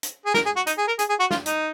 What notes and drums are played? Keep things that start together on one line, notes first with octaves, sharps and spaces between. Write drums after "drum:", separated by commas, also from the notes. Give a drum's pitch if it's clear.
drum: hi-hat
G#4
A#4, drum: snare
G#4
F#4
D#4, drum: hi-hat
G#4
A#4
G#4, drum: hi-hat
G#4
F#4
F4, drum: snare
D#4, drum: hi-hat